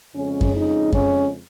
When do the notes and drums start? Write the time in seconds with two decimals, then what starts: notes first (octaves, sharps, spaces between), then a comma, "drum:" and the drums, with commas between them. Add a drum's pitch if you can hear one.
0.15 F2 C#3 G#3 C#4
0.41 drum: kick F#2
0.54 D#4
0.93 C#4, drum: kick F#2